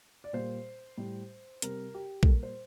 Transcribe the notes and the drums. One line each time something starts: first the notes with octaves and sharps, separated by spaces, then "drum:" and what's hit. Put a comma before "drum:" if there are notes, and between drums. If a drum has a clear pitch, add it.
D5
A#2 G3 C5
A2 G3
C3 G3 A#4, drum: hi-hat
G4
A4, drum: kick A#1
A#2 G3 A#4
C5